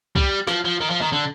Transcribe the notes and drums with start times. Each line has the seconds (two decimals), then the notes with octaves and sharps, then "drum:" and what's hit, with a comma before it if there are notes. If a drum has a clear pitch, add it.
0.16 G3, drum: kick
0.47 F3, drum: snare
0.65 F3
0.80 D#3
0.90 F3
1.01 D#3
1.12 D3